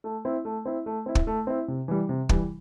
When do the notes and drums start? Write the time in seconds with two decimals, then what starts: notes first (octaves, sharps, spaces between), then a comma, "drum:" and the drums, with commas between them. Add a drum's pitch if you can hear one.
0.04 A3
0.25 C4 E4
0.45 A3
0.65 C4 E4
0.86 A3
1.06 C4 E4
1.15 drum: kick
1.27 A3
1.47 C4 E4
1.68 C3
1.88 E3 G3
2.09 C3
2.29 E3 G3, drum: kick